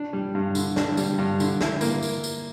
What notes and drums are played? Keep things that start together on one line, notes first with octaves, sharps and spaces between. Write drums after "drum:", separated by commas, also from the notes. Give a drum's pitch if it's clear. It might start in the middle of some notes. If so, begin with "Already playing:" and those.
Already playing: D4
G3
G2
D3, drum: tambourine
D4, drum: snare
G3, drum: tambourine
G2
D3, drum: tambourine
E4, drum: snare
A#3, drum: tambourine
drum: tambourine
drum: tambourine